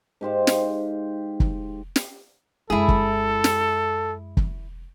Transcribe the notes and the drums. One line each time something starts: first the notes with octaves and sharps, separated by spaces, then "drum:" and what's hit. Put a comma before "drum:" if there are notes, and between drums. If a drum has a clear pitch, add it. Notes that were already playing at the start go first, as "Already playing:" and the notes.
G#2 G4 C5 F5
drum: snare
drum: kick
drum: snare
F#2 G#3 E4 G#4 A4
drum: kick
drum: snare
drum: kick